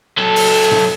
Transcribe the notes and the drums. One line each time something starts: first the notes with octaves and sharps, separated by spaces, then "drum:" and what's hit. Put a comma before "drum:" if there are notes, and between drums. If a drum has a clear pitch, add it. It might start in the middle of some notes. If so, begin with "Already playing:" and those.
F#3 A4
drum: open hi-hat
drum: tom G2